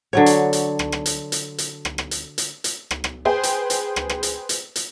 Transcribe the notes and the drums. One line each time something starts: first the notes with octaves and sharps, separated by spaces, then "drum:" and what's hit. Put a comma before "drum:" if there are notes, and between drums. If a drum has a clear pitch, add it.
D3 F#3 C#5
drum: hi-hat
drum: hi-hat
drum: rim click
drum: rim click
drum: hi-hat
drum: hi-hat
drum: hi-hat
drum: rim click
drum: rim click
drum: hi-hat
drum: hi-hat
drum: hi-hat
drum: rim click
drum: rim click
G#4 B4 C5 G5
drum: hi-hat
drum: hi-hat
drum: rim click
drum: rim click
drum: hi-hat
drum: hi-hat
drum: hi-hat